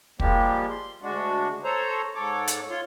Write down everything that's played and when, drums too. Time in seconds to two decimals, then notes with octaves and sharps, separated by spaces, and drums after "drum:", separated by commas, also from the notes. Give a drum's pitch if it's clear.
0.20 F3 G3 G#3 A#3 G4, drum: kick
0.70 C6
1.02 D2 G#3 D4 F#4
1.64 A4 C5 C#5 A#5
2.15 G#2 A4 C#5 D6
2.48 drum: hi-hat
2.70 F4 C#5 C6